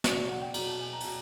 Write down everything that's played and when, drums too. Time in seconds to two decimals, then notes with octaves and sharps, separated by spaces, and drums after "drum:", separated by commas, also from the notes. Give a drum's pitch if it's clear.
0.04 B2 F#3 D5, drum: snare
0.17 D5
0.29 F#5
0.41 G5
0.54 B2 F#3 A#5, drum: cymbal
0.67 A5
0.80 G#5
0.93 A#5
1.00 A5, drum: open hi-hat
1.04 B2 F#3 A#5